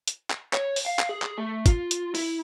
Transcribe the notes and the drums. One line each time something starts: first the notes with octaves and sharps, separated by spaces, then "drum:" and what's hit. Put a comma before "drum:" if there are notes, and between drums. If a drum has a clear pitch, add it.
drum: hi-hat
drum: clap
C#5, drum: clap
drum: open hi-hat
F5
drum: clap
G#4
drum: clap
A3
F4, drum: kick, hi-hat
drum: hi-hat
E4, drum: open hi-hat